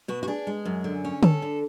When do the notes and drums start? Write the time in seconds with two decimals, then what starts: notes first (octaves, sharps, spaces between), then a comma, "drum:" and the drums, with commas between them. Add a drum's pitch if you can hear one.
0.08 B2 F#4
0.23 F#4
0.28 D4 G#4
0.47 G#3
0.65 F#2
0.84 D3
1.04 C#4
1.23 C#4 A4, drum: tom D3
1.42 D3